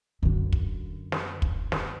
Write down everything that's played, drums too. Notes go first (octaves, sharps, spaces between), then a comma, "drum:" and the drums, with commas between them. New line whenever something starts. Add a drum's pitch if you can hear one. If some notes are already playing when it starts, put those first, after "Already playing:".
F#2 D3
drum: kick
drum: snare
drum: kick
drum: snare